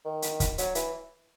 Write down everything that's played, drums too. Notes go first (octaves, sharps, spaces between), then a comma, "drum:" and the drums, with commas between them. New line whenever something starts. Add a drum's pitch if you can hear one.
D#3
drum: hi-hat
drum: kick, hi-hat
F#3, drum: hi-hat
E3, drum: hi-hat